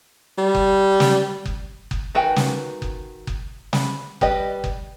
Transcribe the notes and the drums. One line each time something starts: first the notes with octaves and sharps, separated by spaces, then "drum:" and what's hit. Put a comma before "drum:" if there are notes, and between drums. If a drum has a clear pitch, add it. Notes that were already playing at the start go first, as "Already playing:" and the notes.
G3
drum: kick F#1
drum: snare
drum: kick F#1
drum: kick F#1
D#3 F#4 B4 G5 G#5
drum: snare
drum: kick F#1
drum: kick F#1
B5, drum: snare
G3 G4 B4 D5 D#5, drum: kick F#1
drum: kick F#1